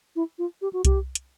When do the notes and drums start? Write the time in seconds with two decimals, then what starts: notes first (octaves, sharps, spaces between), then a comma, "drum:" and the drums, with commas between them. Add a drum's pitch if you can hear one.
0.16 E4
0.38 F4
0.61 G4
0.73 F#4
0.85 G4, drum: kick C2, hi-hat
1.15 drum: hi-hat